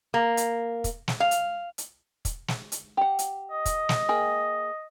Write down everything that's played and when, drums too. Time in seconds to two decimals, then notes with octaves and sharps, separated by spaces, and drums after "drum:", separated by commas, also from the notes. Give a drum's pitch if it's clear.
0.14 A#3
0.37 drum: hi-hat
0.84 drum: kick, hi-hat
1.08 drum: snare
1.20 F5
1.31 drum: hi-hat
1.78 drum: hi-hat
2.25 drum: kick, hi-hat
2.48 drum: snare
2.72 drum: hi-hat
2.97 G4 F#5
3.19 drum: hi-hat
3.51 D#5
3.66 drum: kick, hi-hat
3.89 drum: snare
4.09 A#3 G#4 G5